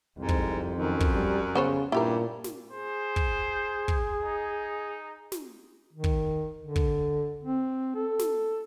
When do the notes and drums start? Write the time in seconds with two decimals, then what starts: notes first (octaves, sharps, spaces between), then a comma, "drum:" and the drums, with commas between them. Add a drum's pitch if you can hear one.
0.18 C2 F2 G#2
0.29 drum: kick
0.76 F#2 D#3
1.00 drum: kick
1.14 G3
1.55 C#3 B3 C5 C#5
1.92 G2 A#2 E4 G4 A#4
2.44 drum: snare
2.71 G#4 C5
3.16 drum: kick
3.88 drum: kick
4.24 D#4
5.32 drum: snare
5.93 D#3
6.04 drum: kick
6.62 D3
6.76 drum: kick
7.44 C4
7.95 A4
8.19 drum: snare